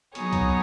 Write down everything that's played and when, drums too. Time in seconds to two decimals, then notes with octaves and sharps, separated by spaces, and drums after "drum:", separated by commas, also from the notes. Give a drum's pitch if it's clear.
0.15 F#3 B3 D#4 G#4 C#5, drum: hi-hat
0.33 drum: kick C2, hi-hat